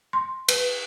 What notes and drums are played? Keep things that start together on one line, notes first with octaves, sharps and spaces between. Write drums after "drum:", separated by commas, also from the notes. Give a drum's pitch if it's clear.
C6
B4, drum: cymbal